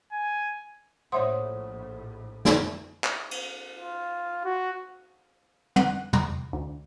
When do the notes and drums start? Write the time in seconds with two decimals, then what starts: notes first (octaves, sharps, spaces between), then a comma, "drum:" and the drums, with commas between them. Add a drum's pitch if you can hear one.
0.12 G#5
1.12 A#1 A2 C5 C#5 E5 F#5 C6 D#6
2.45 drum: snare
3.04 drum: clap
3.31 drum: cymbal
3.75 F4
4.45 F#4
5.76 F#5, drum: tom
6.13 E2, drum: tom
6.53 D2